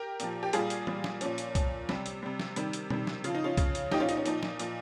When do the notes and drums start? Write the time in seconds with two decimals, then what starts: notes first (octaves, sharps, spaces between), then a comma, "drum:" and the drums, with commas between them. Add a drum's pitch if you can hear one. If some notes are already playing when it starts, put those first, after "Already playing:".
Already playing: G4 A#4
0.20 A#2 F3, drum: hi-hat
0.43 G4
0.53 A#2 G3 F4 G#4, drum: hi-hat
0.70 drum: hi-hat
0.87 A#2 G3, drum: tom
1.04 drum: snare
1.21 A#2 F3 C#4, drum: hi-hat
1.38 drum: hi-hat
1.55 A#2 F3, drum: kick C2, hi-hat
1.89 C3 G3, drum: snare
2.06 drum: hi-hat
2.23 C3 G3
2.40 drum: snare
2.56 C3 D#3 G3, drum: hi-hat
2.73 drum: hi-hat
2.90 C3 D#3 G3, drum: tom B2
3.07 drum: snare
3.24 C#3 F3 F4, drum: hi-hat
3.35 D#4
3.44 C#4 F4
3.57 C#3 F3, drum: kick C2, hi-hat
3.75 drum: hi-hat
3.92 A#2 F3 D#4 G4, drum: snare
4.00 C#4 F4
4.09 D#4, drum: hi-hat
4.17 C#4
4.26 A#2 F3 D#4, drum: hi-hat
4.43 drum: snare
4.59 A#2 F3, drum: hi-hat